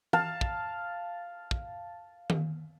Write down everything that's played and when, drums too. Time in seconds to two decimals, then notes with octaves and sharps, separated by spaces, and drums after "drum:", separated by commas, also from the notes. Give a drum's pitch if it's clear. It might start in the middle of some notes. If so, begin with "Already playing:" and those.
0.13 F5 A5, drum: tom E3
0.41 drum: kick
1.51 drum: kick
2.30 drum: tom D#3